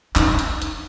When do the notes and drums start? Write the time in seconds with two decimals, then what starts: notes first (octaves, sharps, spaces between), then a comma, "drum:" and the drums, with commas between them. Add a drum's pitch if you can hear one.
0.16 D#4, drum: clap
0.39 drum: hi-hat
0.62 drum: hi-hat